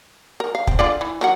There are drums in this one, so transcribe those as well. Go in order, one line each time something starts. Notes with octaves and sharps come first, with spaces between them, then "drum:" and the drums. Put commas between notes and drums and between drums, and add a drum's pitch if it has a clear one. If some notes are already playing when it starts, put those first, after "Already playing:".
A#4
F5
C4, drum: kick
D3 F4 D5
E3
F#3 A#4 F#5